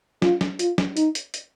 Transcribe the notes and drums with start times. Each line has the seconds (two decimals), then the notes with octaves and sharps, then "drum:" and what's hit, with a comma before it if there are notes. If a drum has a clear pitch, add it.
0.22 F4, drum: snare
0.41 drum: snare
0.59 F4, drum: hi-hat
0.78 drum: snare
0.97 D#4, drum: hi-hat
1.15 drum: hi-hat
1.34 drum: hi-hat